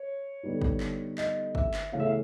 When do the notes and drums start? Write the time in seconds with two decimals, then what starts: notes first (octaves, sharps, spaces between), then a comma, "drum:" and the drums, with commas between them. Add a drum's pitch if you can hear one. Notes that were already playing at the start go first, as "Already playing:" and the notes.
Already playing: C#5
0.43 D3 G3 B3 D#4
0.61 drum: kick
0.80 drum: clap
1.18 D#5, drum: clap
1.55 E5, drum: kick
1.74 drum: clap
1.92 C#3 E3 A3 C#4 F5
2.00 E5
2.06 F5